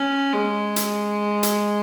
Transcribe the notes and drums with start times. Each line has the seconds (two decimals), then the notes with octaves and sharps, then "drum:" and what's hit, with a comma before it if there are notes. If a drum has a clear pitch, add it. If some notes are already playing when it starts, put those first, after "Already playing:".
Already playing: C#4
0.34 G#3
0.76 drum: hi-hat
1.43 drum: hi-hat